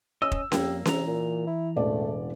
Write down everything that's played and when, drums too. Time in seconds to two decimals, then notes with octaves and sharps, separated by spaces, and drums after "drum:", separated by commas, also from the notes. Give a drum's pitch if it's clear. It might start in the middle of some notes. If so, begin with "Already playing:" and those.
0.22 C#4 D#5 E6
0.32 drum: kick
0.52 F2 A#3 G4, drum: snare C#4
0.85 C3 E3 A#5, drum: snare C#4
1.07 A#2
1.47 E4
1.76 E1 A1 A3 D5